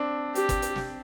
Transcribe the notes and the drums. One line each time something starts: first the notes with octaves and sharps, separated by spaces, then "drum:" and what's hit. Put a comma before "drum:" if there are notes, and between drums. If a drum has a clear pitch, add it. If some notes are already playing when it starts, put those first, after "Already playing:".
Already playing: C4 D4
G4, drum: hi-hat
drum: kick, hi-hat
drum: hi-hat
drum: snare